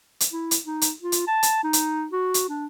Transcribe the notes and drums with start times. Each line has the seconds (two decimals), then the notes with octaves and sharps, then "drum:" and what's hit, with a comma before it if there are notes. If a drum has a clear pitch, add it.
0.20 drum: hi-hat
0.32 E4
0.51 drum: hi-hat
0.66 D#4
0.82 drum: hi-hat
1.02 F4
1.12 drum: hi-hat
1.27 A5
1.43 drum: hi-hat
1.64 D#4
1.73 drum: hi-hat
2.12 F#4
2.34 drum: hi-hat
2.49 D4